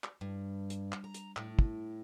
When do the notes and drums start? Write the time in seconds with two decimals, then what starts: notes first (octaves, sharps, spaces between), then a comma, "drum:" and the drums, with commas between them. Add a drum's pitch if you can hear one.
0.04 drum: clap
0.21 G2
0.70 drum: hi-hat
0.92 drum: clap
1.04 A#5
1.14 drum: hi-hat
1.37 A2, drum: clap
1.59 drum: kick